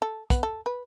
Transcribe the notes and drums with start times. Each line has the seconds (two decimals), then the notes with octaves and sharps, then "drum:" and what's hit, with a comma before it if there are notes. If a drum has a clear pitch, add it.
0.02 A4
0.30 B3, drum: kick, hi-hat
0.43 A4
0.66 B4